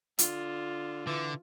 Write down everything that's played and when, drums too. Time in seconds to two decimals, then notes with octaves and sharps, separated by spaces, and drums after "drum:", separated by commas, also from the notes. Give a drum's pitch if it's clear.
0.19 D3 F4, drum: hi-hat
1.07 D3 E3